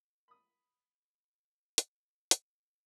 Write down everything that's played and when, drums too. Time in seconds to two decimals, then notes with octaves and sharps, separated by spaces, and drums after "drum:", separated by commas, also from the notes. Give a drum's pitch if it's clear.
0.28 B5 D#6
1.78 drum: hi-hat
2.31 drum: hi-hat